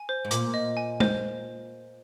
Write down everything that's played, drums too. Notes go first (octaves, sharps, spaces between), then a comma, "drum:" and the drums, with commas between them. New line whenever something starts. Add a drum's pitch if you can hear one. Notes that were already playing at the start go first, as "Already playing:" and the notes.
Already playing: G#5
C5
G#2
A#2 D6, drum: hi-hat
D#5
G#5
C5, drum: tom